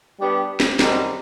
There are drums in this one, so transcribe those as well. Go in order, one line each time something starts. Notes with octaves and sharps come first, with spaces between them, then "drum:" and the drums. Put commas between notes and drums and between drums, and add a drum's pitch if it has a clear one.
G3 B3 D4 G4
drum: snare
F#2 D#3 G3 C4 D#4, drum: snare